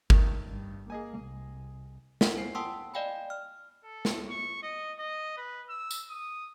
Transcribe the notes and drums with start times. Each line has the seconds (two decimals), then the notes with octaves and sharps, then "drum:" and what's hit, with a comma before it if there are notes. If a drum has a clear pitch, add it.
0.10 G2 D#3 A3, drum: kick G1
0.47 G2
0.90 A#3 G#4 D#5 G#5
1.20 C2
2.21 D4 A#4 F#5 G#5, drum: snare
2.36 C5 F#5 G#5 C7
2.55 F#5 G5 A5 C6 D#6 E6
2.94 D5 D#5 F5 G5 G#5 B5
3.30 F6
3.84 A4
4.05 drum: snare
4.29 C#6
4.62 D#5
4.99 D#5
5.37 B4
5.69 E6
5.91 drum: tambourine
6.09 D#6